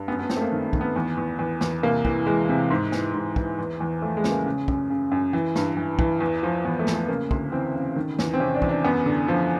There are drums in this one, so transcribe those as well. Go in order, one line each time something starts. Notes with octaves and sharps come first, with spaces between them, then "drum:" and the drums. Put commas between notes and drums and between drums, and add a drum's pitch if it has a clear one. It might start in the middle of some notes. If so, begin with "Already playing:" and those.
Already playing: G2
F#2 B3
B3
F#2 C4, drum: snare
A3
A#3
D#3
D#3, drum: kick
B3
E2
E2
E2
E2, drum: snare
C2 A#3
E3, drum: kick
E3 G#3
C3
G#2
E3, drum: snare
G#2
E3, drum: kick
E2
E2
F3 A3
G#3
C#3, drum: snare
A#3
C#3
F#2, drum: kick
C#3
F#2
E3
G2, drum: snare
E3
E3, drum: kick
E2
F3
E2 B3
A3
E2, drum: snare
A3
C#3 A#3
D2, drum: kick
E3 C4
C#3
D#3
E2, drum: snare
C4
C3 C#4
D4
E2, drum: kick
D4
F#2 B3
D3
F3